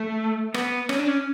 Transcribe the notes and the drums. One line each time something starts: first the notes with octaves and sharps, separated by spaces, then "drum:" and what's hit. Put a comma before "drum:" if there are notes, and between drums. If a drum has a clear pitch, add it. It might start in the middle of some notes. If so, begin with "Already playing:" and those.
Already playing: A3
B3, drum: rim click
C#4, drum: rim click
D4
C#4